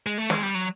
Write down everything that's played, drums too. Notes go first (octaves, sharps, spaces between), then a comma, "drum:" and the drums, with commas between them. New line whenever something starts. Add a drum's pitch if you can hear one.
G#3
A3
G#3, drum: snare
G3
F#3